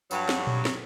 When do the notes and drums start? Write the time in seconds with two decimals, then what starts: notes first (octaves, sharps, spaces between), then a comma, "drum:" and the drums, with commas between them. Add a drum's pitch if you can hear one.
0.11 G2 F#3, drum: tambourine
0.29 drum: snare
0.47 drum: tom A#2
0.65 drum: snare